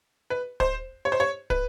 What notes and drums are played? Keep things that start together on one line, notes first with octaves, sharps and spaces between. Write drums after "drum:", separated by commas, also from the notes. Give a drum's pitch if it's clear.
B4
C5, drum: kick
C#5
C5
C#5
B4, drum: kick